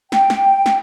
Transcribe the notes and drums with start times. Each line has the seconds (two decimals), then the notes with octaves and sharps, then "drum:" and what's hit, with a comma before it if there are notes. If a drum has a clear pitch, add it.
0.12 G5, drum: snare
0.30 drum: snare
0.66 drum: snare